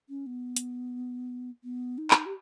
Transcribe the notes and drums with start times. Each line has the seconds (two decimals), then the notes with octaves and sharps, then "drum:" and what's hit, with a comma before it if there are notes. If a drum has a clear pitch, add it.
0.09 C#4
0.26 B3
0.56 drum: hi-hat
1.64 B3
1.98 D#4
2.11 drum: clap
2.26 G4